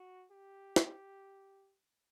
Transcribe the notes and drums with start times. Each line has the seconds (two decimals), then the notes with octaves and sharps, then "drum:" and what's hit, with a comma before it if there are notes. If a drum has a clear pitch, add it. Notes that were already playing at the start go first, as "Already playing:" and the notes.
Already playing: F#4
0.31 G4
0.76 drum: snare